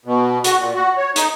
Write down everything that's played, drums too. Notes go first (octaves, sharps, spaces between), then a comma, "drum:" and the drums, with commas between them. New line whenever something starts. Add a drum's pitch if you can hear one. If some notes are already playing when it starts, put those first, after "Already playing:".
B2
F#4, drum: hi-hat
A#2
F#4
C#5
D#4, drum: hi-hat